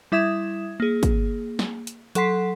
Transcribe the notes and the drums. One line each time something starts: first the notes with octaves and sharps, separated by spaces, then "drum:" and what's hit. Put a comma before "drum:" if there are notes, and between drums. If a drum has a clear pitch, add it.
G3 E4 E5 D#6 G#6 E7
A#3 G#4
drum: kick, hi-hat
drum: snare
drum: hi-hat
F#3 A4 F#5 C6 B6 C7, drum: hi-hat